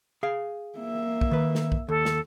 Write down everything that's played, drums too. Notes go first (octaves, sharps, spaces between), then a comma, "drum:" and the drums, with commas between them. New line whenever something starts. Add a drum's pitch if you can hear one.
G#4 F5
A#3 E5
drum: kick
D#3 B4
drum: snare
drum: kick
D#2 A4
drum: snare